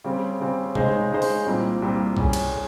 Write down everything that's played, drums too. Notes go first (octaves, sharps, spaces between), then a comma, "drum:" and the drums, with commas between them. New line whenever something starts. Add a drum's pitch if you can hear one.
C#3 G3 C4
C#3 G3 C4
C#3 G#3 D#4 G#4 C5, drum: tom
C#3 G#3 D#4 G#4 C5
drum: open hi-hat
C2 A#2 G3 C4
C2 A#2 G3 C4
G3 C#4 G#4, drum: kick B1
drum: cymbal
G#4